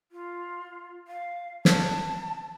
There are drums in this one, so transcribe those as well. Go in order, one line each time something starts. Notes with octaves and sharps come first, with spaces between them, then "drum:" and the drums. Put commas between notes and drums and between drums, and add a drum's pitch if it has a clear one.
F4
F5
A5, drum: snare